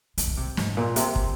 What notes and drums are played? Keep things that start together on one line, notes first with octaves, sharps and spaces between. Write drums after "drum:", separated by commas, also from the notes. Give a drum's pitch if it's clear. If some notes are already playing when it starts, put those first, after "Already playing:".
G#3, drum: hi-hat
D3
C3
G#2, drum: snare
A#2
C3, drum: hi-hat
drum: kick